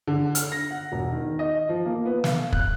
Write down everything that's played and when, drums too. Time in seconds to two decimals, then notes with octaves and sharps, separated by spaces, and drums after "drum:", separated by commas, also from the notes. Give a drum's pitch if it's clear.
0.07 D3
0.35 F6, drum: hi-hat
0.52 A#6
0.71 F#5
0.92 E1
1.12 D#3
1.39 D#5
1.69 F3
1.86 A#3
2.05 B3
2.24 F5, drum: snare
2.53 F#6, drum: kick